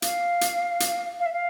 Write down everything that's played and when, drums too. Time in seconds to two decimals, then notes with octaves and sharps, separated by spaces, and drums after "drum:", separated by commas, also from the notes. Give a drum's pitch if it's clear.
0.02 F5, drum: hi-hat
0.41 drum: hi-hat
0.80 drum: hi-hat
1.19 F5
1.26 E5
1.33 F5